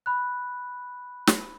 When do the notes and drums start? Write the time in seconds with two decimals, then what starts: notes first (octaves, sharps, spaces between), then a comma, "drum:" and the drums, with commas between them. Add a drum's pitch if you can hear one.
0.06 B5 F#6
1.27 drum: snare